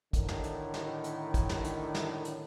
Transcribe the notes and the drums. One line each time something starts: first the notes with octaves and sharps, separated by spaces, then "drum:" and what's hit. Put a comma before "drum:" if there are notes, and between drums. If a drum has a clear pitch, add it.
A2 D3 D#3, drum: kick, hi-hat
drum: snare
drum: hi-hat
drum: snare
drum: hi-hat
drum: kick, hi-hat
drum: snare
drum: hi-hat
drum: snare
drum: hi-hat